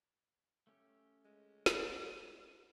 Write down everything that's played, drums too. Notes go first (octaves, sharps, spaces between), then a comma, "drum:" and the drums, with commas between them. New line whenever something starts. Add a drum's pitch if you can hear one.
A3 C#4 G4
G#3
drum: snare